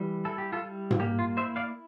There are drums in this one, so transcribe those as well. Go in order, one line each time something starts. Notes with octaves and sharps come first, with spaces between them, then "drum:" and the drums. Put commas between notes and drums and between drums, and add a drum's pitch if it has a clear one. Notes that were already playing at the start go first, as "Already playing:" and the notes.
Already playing: E3 G3
E4 A4
G4
F4 A4
G3
drum: tom G#2
A#3 G4
F4
E4 C5 E5
D5 F5